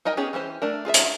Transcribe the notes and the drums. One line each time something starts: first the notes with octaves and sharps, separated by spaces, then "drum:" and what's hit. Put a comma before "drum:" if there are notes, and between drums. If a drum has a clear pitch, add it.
D#4 A#4 D#5 G5 G#5
B3 C#4 G4 G#4
E3 C#4 G4 C5
A3 D4 A#4
F4 G#4 A#4 E5
drum: hi-hat